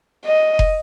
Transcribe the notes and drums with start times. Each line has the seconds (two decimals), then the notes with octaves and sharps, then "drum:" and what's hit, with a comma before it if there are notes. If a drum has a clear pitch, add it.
0.26 D#5
0.59 drum: kick F1